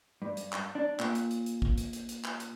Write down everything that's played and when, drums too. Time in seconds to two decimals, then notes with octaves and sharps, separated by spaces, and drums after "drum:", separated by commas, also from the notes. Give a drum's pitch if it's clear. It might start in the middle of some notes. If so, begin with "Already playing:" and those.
0.22 G2
0.37 drum: hi-hat
0.53 drum: clap
0.75 D4
0.99 A#2, drum: clap
1.15 drum: hi-hat
1.31 drum: hi-hat
1.46 drum: hi-hat
1.62 drum: kick
1.78 drum: hi-hat
1.93 drum: hi-hat
2.09 drum: hi-hat
2.24 drum: clap
2.40 drum: hi-hat